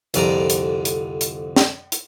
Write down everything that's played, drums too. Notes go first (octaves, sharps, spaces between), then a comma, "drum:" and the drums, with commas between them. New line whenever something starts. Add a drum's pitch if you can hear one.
C2 F2 D3 D5 A#5, drum: hi-hat
drum: hi-hat
drum: hi-hat
drum: hi-hat
drum: snare
drum: hi-hat